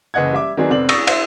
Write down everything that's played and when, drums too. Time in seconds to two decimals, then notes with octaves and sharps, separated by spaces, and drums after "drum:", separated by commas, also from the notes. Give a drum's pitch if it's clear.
0.14 F#1 E3 D#5 F#5 G#6
0.33 G3 E5 D6
0.57 D#3 F#3 B3 C4 D4 G#4
0.70 F1 B3 C4 D5 F#7
0.89 C#6 D#6 E6 A6 A#6, drum: cymbal
1.07 C5 E5, drum: cymbal